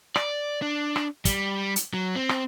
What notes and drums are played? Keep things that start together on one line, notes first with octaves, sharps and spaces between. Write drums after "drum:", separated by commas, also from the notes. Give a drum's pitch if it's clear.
D5, drum: rim click
D4
drum: rim click
G3, drum: kick, hi-hat
drum: hi-hat
F#3
C4
drum: rim click